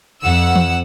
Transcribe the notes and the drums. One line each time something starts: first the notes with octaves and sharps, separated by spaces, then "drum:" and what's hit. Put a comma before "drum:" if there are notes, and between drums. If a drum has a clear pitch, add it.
F2 F#5 E6
drum: tom E3